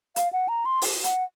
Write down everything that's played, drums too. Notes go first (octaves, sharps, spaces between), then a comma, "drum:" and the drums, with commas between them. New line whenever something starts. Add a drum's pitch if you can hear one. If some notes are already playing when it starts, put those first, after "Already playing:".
F5, drum: hi-hat
F#5
A#5
C6
drum: open hi-hat
F#5, drum: hi-hat